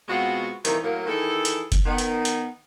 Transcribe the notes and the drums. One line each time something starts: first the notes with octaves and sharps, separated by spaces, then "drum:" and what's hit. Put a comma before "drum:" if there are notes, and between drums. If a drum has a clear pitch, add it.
B2 G#3 C4 F4 F#4
C3 D#3 E3 G3 A3 A#3, drum: hi-hat
A2 F#3 A#3
D#3 E3 G#4 A4
drum: hi-hat
drum: kick F#1, hi-hat
D#3 B3
drum: hi-hat
drum: hi-hat